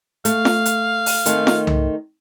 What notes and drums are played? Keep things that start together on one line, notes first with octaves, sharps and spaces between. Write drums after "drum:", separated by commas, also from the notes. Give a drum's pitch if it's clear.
A3 F5, drum: hi-hat
drum: snare F4
drum: hi-hat
drum: open hi-hat
D#3 A3 C4, drum: hi-hat
drum: snare F4
drum: tom C2